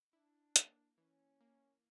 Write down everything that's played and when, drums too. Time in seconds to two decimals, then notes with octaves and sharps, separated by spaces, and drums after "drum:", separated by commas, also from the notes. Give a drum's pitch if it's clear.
0.13 D4 E4
0.56 A#3, drum: hi-hat
0.98 E3 C#4
1.40 A#3